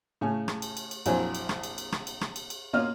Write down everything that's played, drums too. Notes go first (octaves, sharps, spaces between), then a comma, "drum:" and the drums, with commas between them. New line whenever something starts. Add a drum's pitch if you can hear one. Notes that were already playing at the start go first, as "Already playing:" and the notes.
A2 C#3 G#5
drum: rim click
drum: cymbal
drum: cymbal
drum: cymbal
A#1 F2 F#3 E4 C5 G#5, drum: cymbal
drum: cymbal
drum: rim click
drum: cymbal
drum: cymbal
drum: rim click
drum: cymbal
drum: rim click
drum: cymbal
drum: cymbal
B2 A#3 C#4 F4 D#5 F6